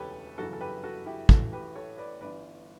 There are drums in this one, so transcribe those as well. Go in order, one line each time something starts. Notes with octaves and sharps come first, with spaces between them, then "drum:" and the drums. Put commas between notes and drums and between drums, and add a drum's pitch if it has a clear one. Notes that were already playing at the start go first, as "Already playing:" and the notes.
Already playing: E1 D2 C#3 E3 G4 A4 B4 C#5
G1 F#2 C#3 E3 F#4 A4
A4
G4 B4
F#4 A4
E4 G4
A1 A2 E3 F#4 A4, drum: kick
G4 B4
A4 C#5
B4 D5
G1 G2 E3 B4 D5